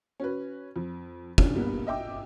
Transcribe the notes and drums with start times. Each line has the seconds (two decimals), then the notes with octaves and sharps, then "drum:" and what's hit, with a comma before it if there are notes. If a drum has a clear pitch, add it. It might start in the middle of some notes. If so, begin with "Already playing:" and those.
0.20 C#4 F#4 B4
0.76 F2
1.38 C#3 F3 C#4 D4, drum: kick
1.55 G2 G3 A#3 B3
1.87 D#5 E5 G5 D6